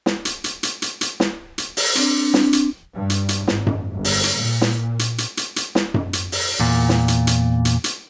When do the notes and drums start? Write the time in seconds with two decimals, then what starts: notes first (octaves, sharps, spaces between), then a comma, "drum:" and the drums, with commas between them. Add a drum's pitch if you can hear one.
0.06 drum: snare
0.25 drum: hi-hat
0.44 drum: hi-hat
0.63 drum: hi-hat
0.82 drum: hi-hat
1.01 drum: hi-hat
1.20 drum: snare
1.58 drum: hi-hat
1.77 drum: open hi-hat
1.95 C4 D4, drum: hi-hat
2.34 drum: snare
2.53 drum: hi-hat
2.95 G2
3.10 drum: hi-hat
3.29 drum: hi-hat
3.48 G#1, drum: snare
3.67 drum: tom F#2
3.93 G1
4.04 drum: open hi-hat
4.23 drum: hi-hat
4.37 A#2
4.61 drum: snare
4.99 drum: hi-hat
5.18 drum: hi-hat
5.37 drum: hi-hat
5.56 drum: hi-hat
5.75 drum: snare
5.94 drum: tom F#2
6.13 drum: hi-hat
6.32 drum: open hi-hat
6.60 E2 A#2
6.89 drum: snare
7.08 drum: hi-hat
7.27 drum: hi-hat
7.65 drum: hi-hat
7.84 drum: hi-hat